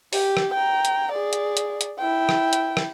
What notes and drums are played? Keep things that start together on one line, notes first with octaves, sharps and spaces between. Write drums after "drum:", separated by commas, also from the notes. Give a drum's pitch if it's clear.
G4, drum: open hi-hat
drum: rim click
G5 A#5
drum: hi-hat
G#4 D5
drum: hi-hat
drum: hi-hat
drum: hi-hat
E4 G5
drum: rim click
drum: hi-hat
drum: rim click